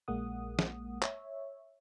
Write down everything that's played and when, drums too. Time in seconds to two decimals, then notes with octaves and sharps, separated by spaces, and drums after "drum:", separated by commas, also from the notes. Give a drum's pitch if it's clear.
0.08 A#1 G#3 A#3 F#5 D#6
0.59 drum: snare
1.02 C#5 E5, drum: clap